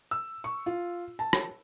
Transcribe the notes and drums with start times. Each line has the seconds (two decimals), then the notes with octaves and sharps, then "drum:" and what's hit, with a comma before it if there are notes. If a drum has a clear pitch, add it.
0.11 E6
0.44 C#6
0.66 F4
1.19 A5
1.33 drum: rim click